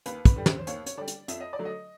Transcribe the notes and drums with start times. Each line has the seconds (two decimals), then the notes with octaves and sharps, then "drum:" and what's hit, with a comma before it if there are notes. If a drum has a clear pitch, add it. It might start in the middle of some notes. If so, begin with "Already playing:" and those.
0.06 D#2 B4, drum: hi-hat
0.25 B4, drum: kick, hi-hat
0.36 D3 G3
0.46 C5, drum: snare
0.59 C5
0.67 D#2 C#5, drum: hi-hat
0.86 C#5, drum: hi-hat
0.97 D3 G3 D5
1.08 drum: hi-hat
1.28 F2 E5, drum: hi-hat
1.41 D#5
1.53 D5
1.59 D3 F#3 A3
1.65 D#5